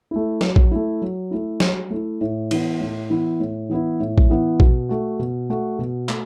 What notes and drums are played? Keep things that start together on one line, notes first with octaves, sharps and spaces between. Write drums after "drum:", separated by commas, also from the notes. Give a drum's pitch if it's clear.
A3 E4
F#3, drum: snare
drum: kick A#1
A3 E4
F#3
A3 E4
F#3, drum: snare
A3 E4
A2
E3 B3 E4, drum: cymbal
A2
E3 B3 E4
A2
E3 B3 E4
A2
drum: kick A#1
E3 B3 E4
B2, drum: kick A#1
A3 F#4
B2
A3 F#4
B2
A3 F#4, drum: clap